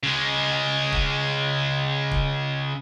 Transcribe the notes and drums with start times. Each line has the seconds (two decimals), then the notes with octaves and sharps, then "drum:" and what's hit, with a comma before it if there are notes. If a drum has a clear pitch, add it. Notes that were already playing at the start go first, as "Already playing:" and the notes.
0.03 C#3 G#3
0.92 drum: kick
2.11 drum: kick